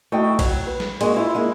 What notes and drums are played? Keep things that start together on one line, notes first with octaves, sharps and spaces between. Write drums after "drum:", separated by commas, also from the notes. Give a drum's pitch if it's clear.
A3 D#4 E4 F#4 G5
F#3, drum: kick A#1, cymbal
B4
drum: snare
G#3 A#3 F#4, drum: cymbal
E4 F4
G#3 A#3 E4